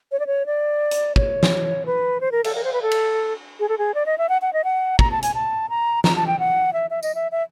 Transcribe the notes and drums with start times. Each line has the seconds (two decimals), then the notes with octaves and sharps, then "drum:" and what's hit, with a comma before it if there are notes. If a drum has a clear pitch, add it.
0.12 C#5
0.20 D5
0.27 C#5
0.46 D5
0.91 drum: hi-hat
1.16 C#5, drum: kick
1.43 drum: snare
1.86 B4
2.21 C5
2.32 A#4
2.44 A4, drum: cymbal
2.55 A#4
2.64 C5
2.73 B4
2.82 A4
2.91 drum: cymbal
3.60 G#4
3.69 A4
3.78 G#4
3.94 D5
4.06 D#5
4.18 E5
4.29 F#5
4.42 F#5
4.53 D#5
4.64 F#5
4.99 A#5, drum: kick
5.11 A5
5.22 G#5, drum: hi-hat
5.34 A5
5.69 A#5
6.04 A#5, drum: snare
6.16 A5
6.27 G5
6.39 F#5
6.73 E5
6.90 E5
7.03 D#5, drum: tambourine
7.15 E5
7.32 E5